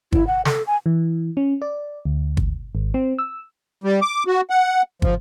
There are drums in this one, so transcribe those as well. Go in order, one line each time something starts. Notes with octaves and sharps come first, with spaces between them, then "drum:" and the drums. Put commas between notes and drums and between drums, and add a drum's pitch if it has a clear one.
E4, drum: kick
F#5
A4, drum: snare
G#5
E3
C#4
D5
D2
drum: kick
G#1
C4
E6
G3
D6
F#4
F#5
F3, drum: kick